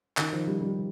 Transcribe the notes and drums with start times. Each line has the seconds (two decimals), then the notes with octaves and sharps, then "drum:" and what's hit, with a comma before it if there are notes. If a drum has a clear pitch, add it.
0.17 D#3, drum: clap
0.33 F3
0.47 G3
0.61 G3